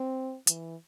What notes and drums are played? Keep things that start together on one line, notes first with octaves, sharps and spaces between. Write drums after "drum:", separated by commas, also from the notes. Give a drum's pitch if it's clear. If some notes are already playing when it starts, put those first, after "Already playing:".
Already playing: C4
E3, drum: hi-hat